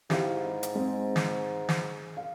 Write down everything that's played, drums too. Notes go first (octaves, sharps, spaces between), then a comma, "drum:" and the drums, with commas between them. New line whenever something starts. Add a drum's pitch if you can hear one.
G#2 E4 G4 F5, drum: snare
drum: hi-hat
G#3 C4
drum: snare
drum: snare
F5